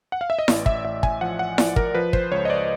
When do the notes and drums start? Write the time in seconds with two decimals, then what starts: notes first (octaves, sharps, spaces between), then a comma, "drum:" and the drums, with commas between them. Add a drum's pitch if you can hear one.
0.12 F#5
0.21 F5
0.30 E5
0.39 D#5
0.48 A1 D5, drum: snare E4
0.66 E5, drum: kick
0.85 A1 E5
1.03 G#5, drum: kick
1.21 F3 F#5
1.39 F#5
1.58 F3 D5, drum: snare E4
1.76 A#4, drum: kick
1.95 F3 B4
2.13 C5, drum: kick
2.32 C#2 C#5
2.45 D#5
2.50 D5